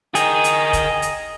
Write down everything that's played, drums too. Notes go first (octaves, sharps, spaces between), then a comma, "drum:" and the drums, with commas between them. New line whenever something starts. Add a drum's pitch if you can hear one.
G#4 A#4 D#5 G5 A#5, drum: hi-hat
drum: hi-hat
drum: kick, hi-hat
drum: hi-hat